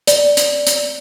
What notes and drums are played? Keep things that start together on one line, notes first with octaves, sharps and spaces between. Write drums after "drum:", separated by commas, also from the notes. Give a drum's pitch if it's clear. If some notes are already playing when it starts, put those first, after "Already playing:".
D5, drum: hi-hat
drum: hi-hat
drum: hi-hat